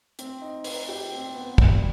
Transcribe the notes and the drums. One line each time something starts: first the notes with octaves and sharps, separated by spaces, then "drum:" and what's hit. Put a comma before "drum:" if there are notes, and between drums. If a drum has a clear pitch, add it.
C4, drum: hi-hat
D#4
B4, drum: open hi-hat
G4
C4
B3
G3, drum: kick